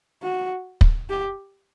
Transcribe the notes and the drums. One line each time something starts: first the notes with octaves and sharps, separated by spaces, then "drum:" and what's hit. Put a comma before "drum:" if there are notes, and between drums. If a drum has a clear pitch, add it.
F#4
drum: kick
G4